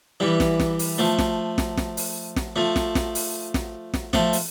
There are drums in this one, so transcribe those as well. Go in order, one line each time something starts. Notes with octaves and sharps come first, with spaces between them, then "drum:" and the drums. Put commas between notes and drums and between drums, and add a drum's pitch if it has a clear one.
E3 G3
drum: snare
drum: snare
drum: open hi-hat
F3 A3
drum: snare
drum: snare
drum: snare
drum: open hi-hat
drum: snare
F3 A3
drum: snare
drum: snare
drum: open hi-hat
drum: snare
drum: snare
F3 A3, drum: snare
drum: open hi-hat